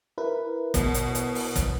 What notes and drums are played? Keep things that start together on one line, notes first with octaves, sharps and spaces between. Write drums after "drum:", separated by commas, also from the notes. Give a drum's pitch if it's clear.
E4 A#4 B4
B2, drum: kick, hi-hat
drum: hi-hat
drum: hi-hat
drum: open hi-hat
drum: kick, hi-hat